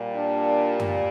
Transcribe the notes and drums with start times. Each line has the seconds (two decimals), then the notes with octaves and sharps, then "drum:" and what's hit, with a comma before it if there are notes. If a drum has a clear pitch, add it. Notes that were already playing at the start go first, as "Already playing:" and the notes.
Already playing: A#2 G3
0.13 D4
0.80 drum: tom F#2